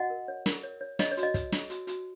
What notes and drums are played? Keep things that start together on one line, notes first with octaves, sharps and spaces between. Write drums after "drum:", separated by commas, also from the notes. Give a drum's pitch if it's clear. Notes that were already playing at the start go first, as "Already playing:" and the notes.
Already playing: F#4 D#5 F#5
A#4
C#5
A#4, drum: snare
C#5
C#5
C#5 D#5, drum: snare
C#5
F#4, drum: hi-hat
D#5
C#5, drum: kick, hi-hat
C#5, drum: snare
F#4, drum: hi-hat
F#4, drum: hi-hat